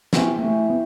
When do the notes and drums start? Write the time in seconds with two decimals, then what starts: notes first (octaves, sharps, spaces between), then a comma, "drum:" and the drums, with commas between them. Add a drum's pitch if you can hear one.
0.13 B3 C#4 E4 G4 C5, drum: snare
0.39 A#3
0.44 A3
0.70 B3